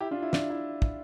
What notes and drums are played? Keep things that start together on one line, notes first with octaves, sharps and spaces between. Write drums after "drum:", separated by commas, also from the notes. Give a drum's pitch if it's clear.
E4 G4
D4 F4
E4
D4, drum: snare
E4
drum: kick